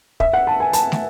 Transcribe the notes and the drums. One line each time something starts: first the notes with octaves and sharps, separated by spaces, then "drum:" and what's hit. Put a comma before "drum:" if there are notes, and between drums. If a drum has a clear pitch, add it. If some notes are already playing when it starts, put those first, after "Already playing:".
E5, drum: kick
F#5
A5
G#5
A5, drum: hi-hat
drum: snare